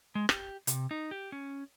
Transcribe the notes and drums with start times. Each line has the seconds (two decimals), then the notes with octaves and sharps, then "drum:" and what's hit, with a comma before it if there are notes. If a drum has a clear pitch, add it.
0.15 G#3
0.29 G4, drum: rim click
0.67 C3, drum: hi-hat
0.91 D#4
1.11 G4
1.32 C#4